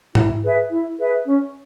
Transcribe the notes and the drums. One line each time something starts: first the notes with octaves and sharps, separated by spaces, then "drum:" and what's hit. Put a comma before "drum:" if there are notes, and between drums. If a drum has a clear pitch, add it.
E4, drum: tom G#2
G#4 B4 E5
E4
G#4 B4 E5
C#4